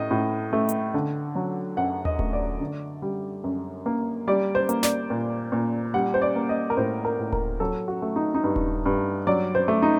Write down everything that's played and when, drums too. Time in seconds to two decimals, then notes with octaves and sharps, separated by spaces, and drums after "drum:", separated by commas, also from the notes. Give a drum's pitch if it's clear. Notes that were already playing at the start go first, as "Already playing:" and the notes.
Already playing: A2 D#5
0.11 A2
0.53 A3
0.69 drum: hi-hat
0.94 D3
1.35 F#3
1.77 F#2 F#5
2.05 D#5, drum: tom D#2
2.19 A3, drum: kick D#1
2.33 D5
2.61 D3
3.02 G3
3.44 F#2
3.86 A#3
4.27 G3 D5
4.55 C5
4.69 A#3, drum: hi-hat
4.83 D5, drum: snare
5.10 A#2
5.52 A#2
5.94 G3 F#5
6.14 C5
6.22 D5
6.36 A#3
6.49 D#5
6.70 A#4
6.77 A2 C5
7.05 A#4
7.19 A2
7.32 A#4, drum: kick D#1
7.60 F#3 A4
7.88 F#4
8.02 A3
8.16 D#4
8.35 D#4
8.44 G2
8.56 drum: kick D#1
8.86 G2
9.27 F#3 D5
9.55 C5
9.68 A3
9.82 D#4